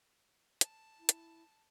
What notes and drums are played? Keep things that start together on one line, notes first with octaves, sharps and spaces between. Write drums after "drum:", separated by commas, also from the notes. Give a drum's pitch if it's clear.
A5, drum: hi-hat
E4
drum: hi-hat